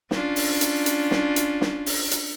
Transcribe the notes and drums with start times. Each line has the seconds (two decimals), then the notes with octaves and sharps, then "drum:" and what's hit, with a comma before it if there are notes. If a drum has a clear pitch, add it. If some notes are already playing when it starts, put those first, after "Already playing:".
0.11 C#4 D4 F4, drum: snare
0.36 drum: open hi-hat
0.61 drum: hi-hat
0.86 drum: hi-hat
1.11 drum: snare
1.36 drum: hi-hat
1.61 drum: snare
1.86 drum: open hi-hat
2.11 drum: hi-hat